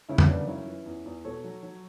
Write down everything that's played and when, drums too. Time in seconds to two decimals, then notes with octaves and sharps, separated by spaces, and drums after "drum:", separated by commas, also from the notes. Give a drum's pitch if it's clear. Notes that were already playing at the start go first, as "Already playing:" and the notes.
0.09 C#3 C#4 E4
0.18 drum: tom F2
0.28 F#2 B3 D4
0.47 F#2 C#4 E4
0.66 E3
0.86 E2
1.06 E2
1.25 B2 A4 C#5
1.44 F#3
1.63 F#3